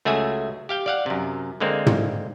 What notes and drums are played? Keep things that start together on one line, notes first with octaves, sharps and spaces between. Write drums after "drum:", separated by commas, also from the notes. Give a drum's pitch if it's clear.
C#2 A3 F#4 G#4 E5 G#5
G4 F5 G5
D5 F5 F#5
F#2 C3
D3 G#3 A#3 C4
drum: tom